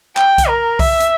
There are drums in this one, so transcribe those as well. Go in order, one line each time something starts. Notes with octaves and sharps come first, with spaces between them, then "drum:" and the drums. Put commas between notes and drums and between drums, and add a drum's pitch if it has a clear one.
G5, drum: clap
drum: kick C2, hi-hat
A#4
E5, drum: kick C2, open hi-hat
drum: hi-hat